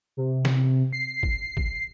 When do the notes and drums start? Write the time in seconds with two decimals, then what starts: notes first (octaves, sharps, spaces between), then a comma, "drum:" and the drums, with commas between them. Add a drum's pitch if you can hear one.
0.17 C3
0.45 drum: snare
0.93 C7
1.23 drum: kick
1.57 drum: kick